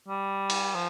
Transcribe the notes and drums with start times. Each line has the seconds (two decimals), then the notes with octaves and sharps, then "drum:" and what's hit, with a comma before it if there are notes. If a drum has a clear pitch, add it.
0.08 G3
0.50 drum: cymbal
0.74 F3